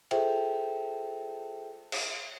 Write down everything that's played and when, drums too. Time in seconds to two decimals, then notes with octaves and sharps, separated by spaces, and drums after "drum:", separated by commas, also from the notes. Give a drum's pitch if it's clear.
0.11 F4 G#4 A4 C5 E5 G5, drum: cymbal
1.92 drum: cymbal